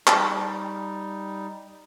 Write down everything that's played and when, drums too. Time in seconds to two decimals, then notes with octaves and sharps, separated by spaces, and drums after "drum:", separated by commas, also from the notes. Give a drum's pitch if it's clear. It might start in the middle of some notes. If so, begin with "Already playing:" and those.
0.07 G3 D#4, drum: clap